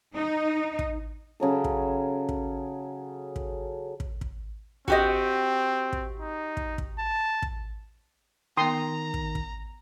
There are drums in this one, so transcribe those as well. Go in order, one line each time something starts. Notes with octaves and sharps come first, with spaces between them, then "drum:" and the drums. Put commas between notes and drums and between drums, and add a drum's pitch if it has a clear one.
D#4
drum: kick
C#3 F#3 A4
drum: kick
drum: kick
drum: kick
drum: kick
drum: kick
C4 F#4 G4 D#5, drum: kick
drum: kick
D#4
drum: kick
drum: kick
A5
drum: kick
D#3 B3 G5 A#5 C6 D#6
drum: kick
drum: kick